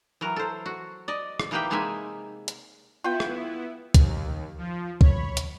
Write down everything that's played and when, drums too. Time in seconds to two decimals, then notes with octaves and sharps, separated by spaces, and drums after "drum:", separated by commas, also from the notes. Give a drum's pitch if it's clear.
0.21 E3 F#3 A#4
0.36 A4 C5
0.66 F#4
1.08 D5 D#5
1.40 drum: rim click
1.51 E3 A#3 D#4 G4 B4 G5
1.70 C3 G#3 A#3 D#4 E5 G#5
2.48 drum: hi-hat
3.04 B3 E4 F4 G5
3.20 drum: rim click
3.94 D#2, drum: kick, hi-hat
4.58 F3
5.01 C#5 B5, drum: kick
5.37 drum: hi-hat